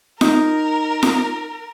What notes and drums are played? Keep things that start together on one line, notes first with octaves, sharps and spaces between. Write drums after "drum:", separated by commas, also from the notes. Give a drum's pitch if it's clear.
D#4 A#4, drum: snare F4
drum: snare F4